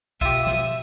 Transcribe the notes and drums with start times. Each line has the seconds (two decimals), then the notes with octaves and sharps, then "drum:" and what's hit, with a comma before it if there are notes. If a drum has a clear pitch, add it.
0.21 B2 F4 G4 E5 D#6, drum: kick
0.47 drum: snare